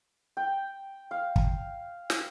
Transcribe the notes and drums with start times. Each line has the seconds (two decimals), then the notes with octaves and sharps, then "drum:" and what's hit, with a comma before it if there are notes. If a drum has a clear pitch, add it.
0.37 G5
1.11 F5
1.36 drum: kick
2.10 drum: snare